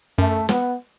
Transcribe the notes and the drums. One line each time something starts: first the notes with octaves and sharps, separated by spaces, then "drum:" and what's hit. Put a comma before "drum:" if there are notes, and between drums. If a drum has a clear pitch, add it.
F#2 A3
B3, drum: snare